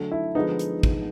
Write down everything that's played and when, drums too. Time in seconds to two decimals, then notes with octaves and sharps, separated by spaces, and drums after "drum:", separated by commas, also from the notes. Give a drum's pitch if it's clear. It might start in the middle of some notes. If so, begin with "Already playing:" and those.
Already playing: D3 F#3 A3
0.12 E4
0.35 D3 F3 G#3 B3 D#4
0.59 drum: hi-hat
0.83 drum: kick